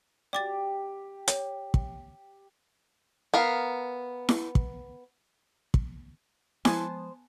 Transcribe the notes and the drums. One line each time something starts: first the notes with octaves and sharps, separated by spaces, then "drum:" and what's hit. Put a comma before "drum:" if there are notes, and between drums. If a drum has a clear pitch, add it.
G4 D5 D6 A6
C#5, drum: hi-hat
drum: kick
B3 A#4 F5
drum: snare E4
drum: kick
drum: kick
F3 G#3 B3 C5 G#5 A5 C6, drum: snare E4